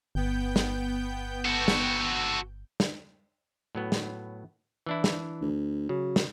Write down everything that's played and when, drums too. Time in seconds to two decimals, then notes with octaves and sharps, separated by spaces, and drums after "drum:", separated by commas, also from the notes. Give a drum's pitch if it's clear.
0.15 G1 B3 G5 G6
0.56 drum: snare
1.45 F#4 A4
1.68 drum: snare
2.80 drum: snare
3.75 A2 F#3 B3
3.92 drum: snare
4.86 E3 D4 E4
5.04 drum: snare
5.41 D2
5.89 C#3 F#3
6.16 drum: snare